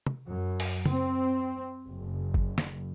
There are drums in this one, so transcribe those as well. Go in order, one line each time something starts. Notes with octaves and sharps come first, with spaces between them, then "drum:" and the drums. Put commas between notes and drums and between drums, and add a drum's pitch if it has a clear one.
drum: tom
F#2
drum: open hi-hat
C4, drum: tom
F#1
drum: kick
drum: snare